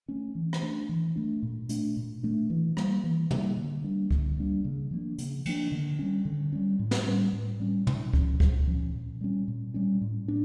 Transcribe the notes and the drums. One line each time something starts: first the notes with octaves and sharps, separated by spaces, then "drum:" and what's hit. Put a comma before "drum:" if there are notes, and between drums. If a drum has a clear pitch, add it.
A3 C#4
E3
drum: rim click
A3 D4
E3
A3 D4
A#2
A3 D4, drum: hi-hat
A#2
A3 D4
E3
G3 A#3, drum: rim click
E3
G3 A#3, drum: tom
D3
G3 A#3 D4
D3, drum: kick C#2
G3 A#3 D4
C#3
F3 A#3 D4
C#3, drum: hi-hat
F3 A#3 D4, drum: cymbal
D3
G3 C#4
D3
G3 C#4
A2
drum: snare
G3 C#4
A2
G3 C#4
A#2, drum: tom
F3 C#4, drum: kick C#2
A#2, drum: kick C#2
F3 C#4
A#2
G3 C#4
A#2
G3 C#4
A2
A#3 D4